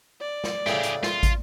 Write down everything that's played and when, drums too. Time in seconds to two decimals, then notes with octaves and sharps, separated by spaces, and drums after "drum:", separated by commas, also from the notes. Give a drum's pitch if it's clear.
0.20 D5
0.44 drum: snare
0.66 A2 C#3 G4 G#4, drum: snare
0.83 drum: hi-hat
1.03 F4, drum: snare
1.23 drum: kick, hi-hat